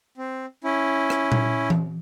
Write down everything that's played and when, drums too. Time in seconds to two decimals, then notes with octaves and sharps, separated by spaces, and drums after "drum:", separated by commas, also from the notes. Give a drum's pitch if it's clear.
0.18 C4
0.64 C#4 E4
1.10 drum: rim click
1.32 drum: tom A#2
1.70 drum: tom E3